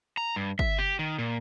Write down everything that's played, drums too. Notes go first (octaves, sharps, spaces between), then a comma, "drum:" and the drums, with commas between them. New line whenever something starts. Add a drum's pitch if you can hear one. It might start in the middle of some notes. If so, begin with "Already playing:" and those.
A#5
G2
E5, drum: kick
G4
D#3
A#2